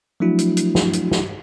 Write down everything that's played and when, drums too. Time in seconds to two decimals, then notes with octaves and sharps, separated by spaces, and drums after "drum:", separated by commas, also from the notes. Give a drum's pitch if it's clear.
0.20 F3 F#3 A3 D4 E4 F#4
0.39 drum: hi-hat
0.57 drum: hi-hat
0.75 drum: snare
0.93 drum: hi-hat
1.11 drum: snare